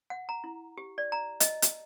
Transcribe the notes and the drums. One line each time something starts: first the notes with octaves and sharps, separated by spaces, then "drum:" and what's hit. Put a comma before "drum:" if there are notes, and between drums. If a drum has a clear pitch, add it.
F#5
A#5
E4
G4
D5
A#5
D#5, drum: hi-hat
drum: hi-hat